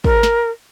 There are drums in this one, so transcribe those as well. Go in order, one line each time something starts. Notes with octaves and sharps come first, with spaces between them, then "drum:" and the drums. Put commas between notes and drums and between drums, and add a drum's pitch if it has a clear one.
A#4, drum: kick
drum: snare